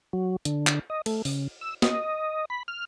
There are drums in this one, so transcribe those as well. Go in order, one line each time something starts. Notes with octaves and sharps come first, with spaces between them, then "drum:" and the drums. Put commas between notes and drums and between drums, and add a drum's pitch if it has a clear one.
F#3
D3, drum: hi-hat
drum: clap
D#5
A3, drum: cymbal
C#3, drum: open hi-hat
E6
D#5, drum: snare
B5
F6